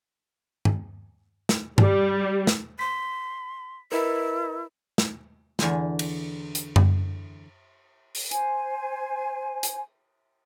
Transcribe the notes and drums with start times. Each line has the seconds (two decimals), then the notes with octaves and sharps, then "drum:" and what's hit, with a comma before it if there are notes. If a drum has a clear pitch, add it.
0.65 drum: tom G2
1.49 drum: snare
1.78 G3, drum: tom G2
2.47 drum: snare
2.79 C6 B6
3.92 E4 A#4 B4 D#5
4.98 drum: snare
5.59 E2 D3 G#5 C6, drum: snare
5.99 drum: cymbal
6.55 drum: hi-hat
6.76 drum: tom F#2
8.15 drum: open hi-hat
8.31 C5 G#5, drum: hi-hat
9.63 drum: hi-hat